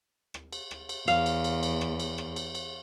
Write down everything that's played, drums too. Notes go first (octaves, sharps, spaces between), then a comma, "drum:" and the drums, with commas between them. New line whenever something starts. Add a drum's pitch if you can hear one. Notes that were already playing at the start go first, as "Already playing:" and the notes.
drum: rim click
drum: cymbal
drum: rim click
drum: cymbal
E2 F5, drum: cymbal
drum: cymbal
drum: cymbal
drum: cymbal
drum: rim click
drum: cymbal
drum: rim click
drum: cymbal
drum: cymbal